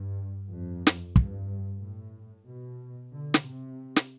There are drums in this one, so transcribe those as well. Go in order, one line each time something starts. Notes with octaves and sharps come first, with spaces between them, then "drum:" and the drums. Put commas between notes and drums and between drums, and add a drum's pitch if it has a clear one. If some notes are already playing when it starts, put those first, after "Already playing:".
Already playing: G2
F2
drum: snare
G2, drum: kick
A2
B2
D3
drum: snare
C3
drum: snare